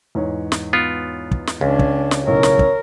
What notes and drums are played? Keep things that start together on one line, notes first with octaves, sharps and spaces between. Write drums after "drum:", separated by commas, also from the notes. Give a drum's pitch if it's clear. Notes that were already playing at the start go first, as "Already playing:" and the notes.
E2 G#2 C#5
drum: snare
B3 F4
drum: kick
drum: snare
C#2 C#4 D4
drum: kick
drum: snare
B1 A2 C#3 A#4 C#5
drum: snare
drum: kick